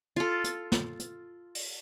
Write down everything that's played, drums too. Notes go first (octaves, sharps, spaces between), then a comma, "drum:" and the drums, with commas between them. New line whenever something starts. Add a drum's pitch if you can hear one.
F4 A4
drum: hi-hat
drum: snare
drum: hi-hat
drum: open hi-hat